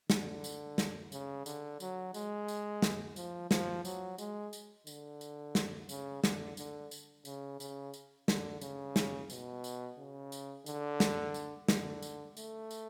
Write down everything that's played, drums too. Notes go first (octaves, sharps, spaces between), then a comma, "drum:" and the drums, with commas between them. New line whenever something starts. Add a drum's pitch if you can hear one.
D3, drum: snare
drum: tambourine
drum: snare
C#3, drum: tambourine
D3, drum: tambourine
F#3, drum: tambourine
G#3, drum: tambourine
drum: tambourine
drum: snare
F3, drum: tambourine
F3, drum: snare
F#3, drum: tambourine
G#3, drum: tambourine
drum: tambourine
D3, drum: tambourine
drum: tambourine
drum: snare
C#3, drum: tambourine
D3, drum: snare
D3, drum: tambourine
drum: tambourine
C#3, drum: tambourine
C#3, drum: tambourine
drum: tambourine
D3, drum: snare
C#3, drum: tambourine
drum: snare
B2, drum: tambourine
drum: tambourine
C#3
drum: tambourine
D3, drum: tambourine
drum: snare
drum: tambourine
D3, drum: snare
drum: tambourine
A3, drum: tambourine
drum: tambourine